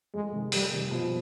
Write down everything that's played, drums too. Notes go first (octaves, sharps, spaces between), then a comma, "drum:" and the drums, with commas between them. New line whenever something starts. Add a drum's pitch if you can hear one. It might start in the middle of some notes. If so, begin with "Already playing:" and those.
F2 G#3
C3 D#3 G#3
F2 G3, drum: open hi-hat
C3 D#3 G#3
B2 F3